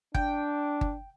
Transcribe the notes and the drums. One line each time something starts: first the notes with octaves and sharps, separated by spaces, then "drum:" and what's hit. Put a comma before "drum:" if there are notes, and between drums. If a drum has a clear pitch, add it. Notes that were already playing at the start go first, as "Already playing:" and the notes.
D4 G5, drum: kick G1
drum: kick G1